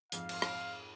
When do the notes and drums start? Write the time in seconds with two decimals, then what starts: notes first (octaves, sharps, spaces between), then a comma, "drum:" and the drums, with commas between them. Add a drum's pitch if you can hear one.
0.12 F2 G#2 F5, drum: hi-hat
0.29 drum: cymbal
0.42 drum: rim click